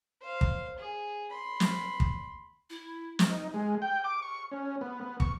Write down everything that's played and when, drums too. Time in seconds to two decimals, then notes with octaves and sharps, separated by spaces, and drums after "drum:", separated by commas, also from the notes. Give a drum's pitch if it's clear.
0.21 C5 F5
0.41 drum: kick
0.78 G#4
1.29 B5 C6
1.60 drum: snare
2.00 drum: kick
2.70 E4
3.19 drum: snare
3.29 D#4
3.54 G#3
3.82 G5
4.04 D6
4.22 C#6
4.52 C#4
4.81 B3
5.01 B3
5.20 C#6, drum: kick